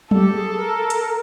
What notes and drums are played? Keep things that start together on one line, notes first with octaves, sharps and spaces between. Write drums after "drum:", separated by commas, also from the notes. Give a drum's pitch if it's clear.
G4 A4, drum: tom F#3
G#4
A#4
drum: hi-hat